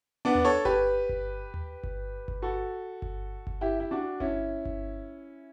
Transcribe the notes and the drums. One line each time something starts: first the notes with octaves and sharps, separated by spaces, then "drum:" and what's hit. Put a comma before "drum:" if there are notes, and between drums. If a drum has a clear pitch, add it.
B3 D4
drum: tom D#2
A4 C#5
G4 B4, drum: kick G1
drum: kick G1
drum: tom D#2
drum: kick G1
drum: kick G1
F#4 A4
drum: kick G1
drum: kick G1
E4 G4
E4
D4 F#4
C#4 E4, drum: kick G1
drum: kick G1